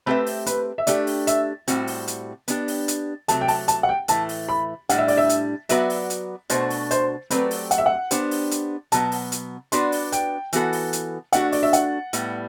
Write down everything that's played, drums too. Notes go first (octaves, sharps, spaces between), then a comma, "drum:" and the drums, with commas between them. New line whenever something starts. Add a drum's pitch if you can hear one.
A3 C4 G4 B4 C5 E5
drum: open hi-hat
B4, drum: hi-hat
E5
A3 D4 G4 D5, drum: hi-hat
drum: open hi-hat
E5, drum: hi-hat
A2 G3 C4 F#4, drum: hi-hat
drum: open hi-hat
drum: hi-hat
B3 D4 G4, drum: hi-hat
drum: open hi-hat
drum: hi-hat
C3 F#3 A3 A5, drum: hi-hat
G5
A5, drum: open hi-hat
A5, drum: hi-hat
F#5
G5
A2 E3 A3 A5, drum: hi-hat
drum: open hi-hat
B5
A2 G3 D4 F#5, drum: hi-hat
E5
D5, drum: open hi-hat
E5
drum: hi-hat
F#3 B3 F#4 B4 D5 E5, drum: hi-hat
drum: open hi-hat
drum: hi-hat
B2 A3 D4 F#4 C5, drum: hi-hat
drum: open hi-hat
C5, drum: hi-hat
F#3 A3 C4 G4 B4 D5, drum: hi-hat
drum: open hi-hat
F#5, drum: hi-hat
E5
F#5
B3 D4 G4 C5, drum: hi-hat
drum: open hi-hat
drum: hi-hat
B2 F#3 B3 A5, drum: hi-hat
drum: open hi-hat
drum: hi-hat
B3 D4 F#4 B4 D5 C6, drum: hi-hat
drum: open hi-hat
G5, drum: hi-hat
E3 B3 F#4 A4, drum: hi-hat
drum: open hi-hat
drum: hi-hat
A3 D4 F#4 F#5, drum: hi-hat
D5, drum: open hi-hat
E5
F#5, drum: hi-hat
A2 G3 B3, drum: hi-hat